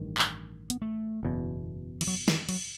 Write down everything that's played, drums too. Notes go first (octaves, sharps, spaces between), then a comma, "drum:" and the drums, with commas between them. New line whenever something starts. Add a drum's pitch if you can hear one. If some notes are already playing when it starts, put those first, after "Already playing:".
Already playing: A1 G2 D#3
drum: clap
B3, drum: hi-hat
A3
F#1 E2 B2
E3, drum: cymbal
F#3
E3, drum: snare
F#3, drum: cymbal